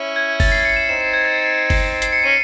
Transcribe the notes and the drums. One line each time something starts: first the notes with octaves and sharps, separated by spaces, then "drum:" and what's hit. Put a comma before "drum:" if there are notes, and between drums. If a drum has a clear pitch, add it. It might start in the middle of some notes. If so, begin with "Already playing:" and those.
Already playing: C#4 E4
G#6
A6, drum: kick, open hi-hat
C7
C#7
E7
C4 D#4 E7
E7
G#6
A6
drum: kick, open hi-hat
C7, drum: hi-hat
C#7
C#4 D#7